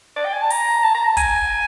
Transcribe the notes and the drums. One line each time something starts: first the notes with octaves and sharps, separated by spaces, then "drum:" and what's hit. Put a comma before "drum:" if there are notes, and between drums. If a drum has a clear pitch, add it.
D5
G5
G#5
A5
A#5, drum: open hi-hat
A5
A#5
A5
G#5, drum: kick, hi-hat